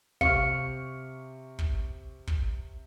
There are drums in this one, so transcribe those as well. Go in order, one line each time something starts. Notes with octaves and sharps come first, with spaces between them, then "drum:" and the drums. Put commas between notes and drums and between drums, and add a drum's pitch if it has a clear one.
C3 F5 C#6 F6 C#7, drum: kick
drum: kick
drum: kick